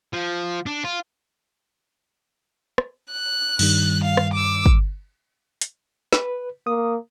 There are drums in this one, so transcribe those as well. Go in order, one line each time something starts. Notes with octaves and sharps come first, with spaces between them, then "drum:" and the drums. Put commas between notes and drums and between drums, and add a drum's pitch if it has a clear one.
F3
D4
F4
drum: rim click
F#6
G2 D#3 G3, drum: cymbal
F5
drum: rim click
D6 E6
drum: kick
drum: hi-hat
B4, drum: snare
A#3 D#6